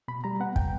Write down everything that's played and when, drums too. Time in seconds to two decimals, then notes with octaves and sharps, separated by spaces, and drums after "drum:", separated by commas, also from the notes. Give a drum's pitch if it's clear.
0.08 B2 B5
0.24 G3 A#5
0.40 B3 F#5
0.56 G5, drum: kick